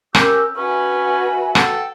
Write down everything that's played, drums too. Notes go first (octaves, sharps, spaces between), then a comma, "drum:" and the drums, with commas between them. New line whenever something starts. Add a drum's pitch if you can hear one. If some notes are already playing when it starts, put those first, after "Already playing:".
C#4 G4 A#4 E6, drum: rim click
C#4 F#4 B4 E5 G#5
A4 F#5 G5, drum: rim click